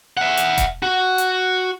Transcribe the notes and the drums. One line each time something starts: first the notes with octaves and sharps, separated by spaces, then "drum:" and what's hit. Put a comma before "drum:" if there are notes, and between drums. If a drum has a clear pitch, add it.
E5 F#5
drum: hi-hat
drum: kick E1, hi-hat
F#4
drum: hi-hat